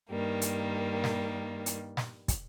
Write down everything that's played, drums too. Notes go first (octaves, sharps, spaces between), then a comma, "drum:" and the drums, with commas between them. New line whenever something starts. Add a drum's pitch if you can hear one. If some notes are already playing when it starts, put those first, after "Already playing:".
G2 D#3 G3 A#3
drum: hi-hat
drum: snare
drum: hi-hat
drum: snare
drum: kick, hi-hat